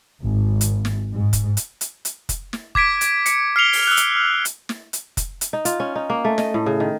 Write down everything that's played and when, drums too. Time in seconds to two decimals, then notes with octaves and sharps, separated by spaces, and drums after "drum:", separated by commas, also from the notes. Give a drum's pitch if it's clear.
0.23 G#1
0.61 drum: hi-hat
0.85 drum: snare
1.13 G#2
1.33 drum: kick F1, hi-hat
1.57 drum: hi-hat
1.81 drum: hi-hat
2.05 drum: hi-hat
2.29 drum: kick F1, hi-hat
2.53 drum: snare
2.75 D6 G#6 B6 D7, drum: kick F1
3.01 drum: hi-hat
3.26 C#7, drum: hi-hat
3.56 F6 C7 C#7 F7 G7
3.73 drum: open hi-hat
3.87 E6 F#6
3.97 drum: hi-hat
4.16 F6
4.45 drum: hi-hat
4.69 drum: snare
4.93 drum: hi-hat
5.17 drum: kick F1, hi-hat
5.41 drum: hi-hat
5.53 D#4
5.65 F4, drum: hi-hat
5.80 C#4
5.95 D#4
6.10 A#3
6.25 A3
6.38 D#5, drum: snare
6.54 A2
6.66 C#3
6.80 D#3